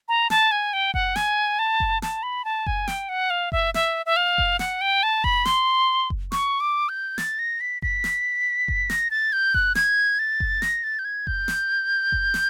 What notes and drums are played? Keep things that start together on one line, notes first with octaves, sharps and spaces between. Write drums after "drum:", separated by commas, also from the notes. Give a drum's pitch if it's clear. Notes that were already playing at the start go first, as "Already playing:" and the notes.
A#5
A5, drum: snare
G#5
G5
F#5, drum: kick F#1
G#5, drum: snare
A5
drum: kick F#1
A5, drum: snare
B5
A5
G#5, drum: kick F#1
G5, drum: snare
F#5
F5
E5, drum: kick F#1
E5, drum: snare
E5
F5
drum: kick F#1
F#5, drum: snare
G5
A5
B5, drum: kick F#1
C6, drum: snare
drum: kick F#1
C#6, drum: snare
D6
G6
A6, drum: snare
A#6
B6
B6, drum: kick F#1
drum: snare
drum: kick F#1
A#6, drum: snare
A6
G6
F#6, drum: kick F#1
G#6, drum: snare
A6
drum: kick F#1
A#6, drum: snare
A6
G6
G#6
G6, drum: kick F#1
drum: snare
drum: kick F#1
drum: snare